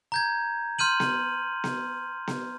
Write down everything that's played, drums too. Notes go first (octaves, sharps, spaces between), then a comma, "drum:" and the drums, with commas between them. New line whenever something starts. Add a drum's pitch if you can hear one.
A#5 G6 G#6
C6 F6 G6 D#7 F#7
drum: snare B3
drum: snare B3
drum: snare B3